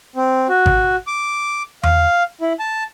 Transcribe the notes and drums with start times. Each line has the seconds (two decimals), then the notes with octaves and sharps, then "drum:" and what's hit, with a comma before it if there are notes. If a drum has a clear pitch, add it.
0.16 C4
0.49 F#4
0.66 drum: kick G#1
1.07 D6
1.83 F5, drum: tom E2
2.41 E4
2.60 A5